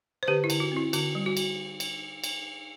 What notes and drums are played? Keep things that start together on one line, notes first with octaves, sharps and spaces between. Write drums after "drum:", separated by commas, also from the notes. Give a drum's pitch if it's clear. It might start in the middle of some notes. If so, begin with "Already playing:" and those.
C5
D3 G4 B4
E4
D3, drum: cymbal
F#4
C4 E4
D3 F#4, drum: cymbal
G3
F#4
drum: cymbal
drum: cymbal
drum: cymbal